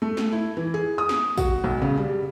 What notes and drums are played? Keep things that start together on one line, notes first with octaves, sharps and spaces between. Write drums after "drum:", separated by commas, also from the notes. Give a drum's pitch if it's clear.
A3
drum: snare
E4
E3
G#4
D#6
drum: snare
F#4, drum: kick, tambourine
B1
C#3
G3